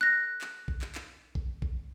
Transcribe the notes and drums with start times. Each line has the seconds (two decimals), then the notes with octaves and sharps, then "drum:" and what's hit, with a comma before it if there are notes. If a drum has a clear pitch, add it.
0.01 F#6 A#6
0.41 drum: clap
0.68 drum: kick A#1
0.82 drum: clap
0.95 drum: clap
1.35 drum: kick A#1
1.62 drum: kick A#1